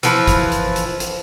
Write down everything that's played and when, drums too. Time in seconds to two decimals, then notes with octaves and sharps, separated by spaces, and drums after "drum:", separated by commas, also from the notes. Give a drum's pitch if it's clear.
0.03 E3 F3 B4, drum: hi-hat
0.27 drum: kick, hi-hat
0.52 drum: hi-hat
0.76 drum: hi-hat
1.00 drum: hi-hat